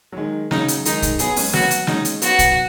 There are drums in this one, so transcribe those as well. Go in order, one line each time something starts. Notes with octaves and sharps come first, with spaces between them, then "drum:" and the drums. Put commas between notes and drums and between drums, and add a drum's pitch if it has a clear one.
F#3
D#3 G#3
C#3 F#3 D#4, drum: snare
drum: hi-hat
D#3 G#3 D#4, drum: hi-hat
drum: kick, hi-hat
F#3 B3 G#4, drum: hi-hat
G#3 C#4, drum: open hi-hat
F#3 B3 F#4, drum: snare
drum: hi-hat
G#3 C#4 D#4, drum: snare
drum: hi-hat
F#3 B3 F#4, drum: hi-hat
drum: kick, hi-hat